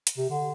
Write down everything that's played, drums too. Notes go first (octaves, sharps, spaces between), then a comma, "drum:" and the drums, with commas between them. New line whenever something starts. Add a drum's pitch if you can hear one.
drum: hi-hat
C3
D3